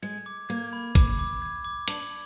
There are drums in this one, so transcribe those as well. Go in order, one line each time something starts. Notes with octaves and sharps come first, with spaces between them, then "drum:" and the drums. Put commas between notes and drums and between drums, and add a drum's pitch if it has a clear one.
G#3 G#6
D6
A#3 G#6
B5
D6, drum: kick, hi-hat
D6
G#6
D6
D4 F#7, drum: hi-hat